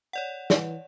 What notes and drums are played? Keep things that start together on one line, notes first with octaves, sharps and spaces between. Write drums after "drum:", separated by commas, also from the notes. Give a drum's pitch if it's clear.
C#5 D5 F#5
E3, drum: snare